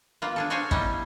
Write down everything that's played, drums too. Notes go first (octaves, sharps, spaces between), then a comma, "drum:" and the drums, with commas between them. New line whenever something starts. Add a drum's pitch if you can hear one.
A#3 B3 F4
D4 G#4 A4
F#4 G#4 C5 C#5 F5 G#5
G3 B3 C#4 D#4 E4, drum: kick